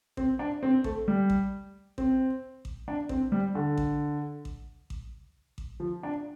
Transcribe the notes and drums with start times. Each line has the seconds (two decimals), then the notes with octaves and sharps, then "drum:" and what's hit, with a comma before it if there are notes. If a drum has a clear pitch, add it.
0.17 C4, drum: kick A1
0.39 D4
0.63 C4
0.84 A3, drum: kick A1
1.08 G3
1.30 drum: kick A1
1.98 C4, drum: kick A1
2.65 drum: kick A1
2.88 D4
3.09 C4, drum: kick A1
3.32 G3
3.55 D3
3.77 drum: kick A1
4.45 drum: kick A1
4.90 drum: kick A1
5.58 drum: kick A1
5.80 F3
6.03 D4